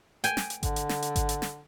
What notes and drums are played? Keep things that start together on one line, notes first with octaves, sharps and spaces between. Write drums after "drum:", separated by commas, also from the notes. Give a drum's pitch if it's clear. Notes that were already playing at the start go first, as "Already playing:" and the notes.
G5 G#5, drum: hi-hat
drum: snare
drum: hi-hat
D3, drum: kick G#1, hi-hat
drum: hi-hat
drum: snare
drum: hi-hat
drum: kick G#1, hi-hat
drum: hi-hat
drum: snare